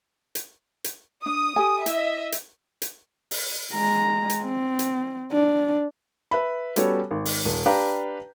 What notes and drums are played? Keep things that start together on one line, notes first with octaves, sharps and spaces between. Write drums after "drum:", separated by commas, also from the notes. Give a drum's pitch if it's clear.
drum: hi-hat
drum: hi-hat
D4 D#6
G4 A4 G#5
E4 D#5 E5, drum: hi-hat
drum: hi-hat
drum: hi-hat
drum: open hi-hat
G#3 A#5
drum: hi-hat
C4
drum: hi-hat
D4
B4 E5 B5
G3 B3 C#4 F#4 A4 C#5, drum: hi-hat
G#1
drum: open hi-hat
D#1
D4 G4 B4 F5 G5 A#5